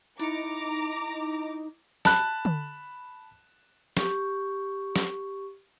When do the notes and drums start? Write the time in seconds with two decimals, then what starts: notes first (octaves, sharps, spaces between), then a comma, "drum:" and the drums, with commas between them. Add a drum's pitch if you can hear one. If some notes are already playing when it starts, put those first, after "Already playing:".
0.19 D#4 E4 A#5 D6 C#7, drum: hi-hat
2.05 A5 B5 F#6, drum: snare
2.45 drum: tom D3
3.97 G4 C#6, drum: snare
4.96 drum: snare